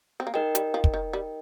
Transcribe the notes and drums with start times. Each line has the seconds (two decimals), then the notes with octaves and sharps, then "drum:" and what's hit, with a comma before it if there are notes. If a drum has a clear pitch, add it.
0.20 C4
0.27 A#3
0.34 G#3 D#4 A#4 D#5 G5
0.55 G3, drum: hi-hat
0.74 F3
0.84 drum: kick
0.94 D#3
1.13 G3